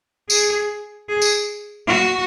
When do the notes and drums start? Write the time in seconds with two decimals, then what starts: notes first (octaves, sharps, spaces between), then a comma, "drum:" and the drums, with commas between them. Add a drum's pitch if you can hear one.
0.30 G#4, drum: tambourine
1.09 G#4
1.22 drum: tambourine
1.88 F#4